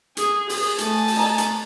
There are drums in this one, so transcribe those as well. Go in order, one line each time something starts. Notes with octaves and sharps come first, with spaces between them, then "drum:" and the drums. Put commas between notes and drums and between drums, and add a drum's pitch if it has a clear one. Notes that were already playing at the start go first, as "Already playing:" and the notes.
G#4, drum: hi-hat
G#4, drum: open hi-hat
A3 G#5 A5, drum: hi-hat
drum: open hi-hat
D#5 A#5
drum: hi-hat